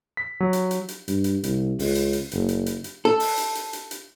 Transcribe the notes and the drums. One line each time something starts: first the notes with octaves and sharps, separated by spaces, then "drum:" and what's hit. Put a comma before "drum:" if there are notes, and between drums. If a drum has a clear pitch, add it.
B6
F#3
drum: hi-hat
drum: hi-hat
drum: hi-hat
G2, drum: hi-hat
drum: hi-hat
C2, drum: hi-hat
C#2, drum: open hi-hat
drum: hi-hat
drum: hi-hat
F#1, drum: hi-hat
drum: hi-hat
drum: hi-hat
drum: hi-hat
A4
drum: open hi-hat
drum: hi-hat
drum: hi-hat
drum: hi-hat
drum: hi-hat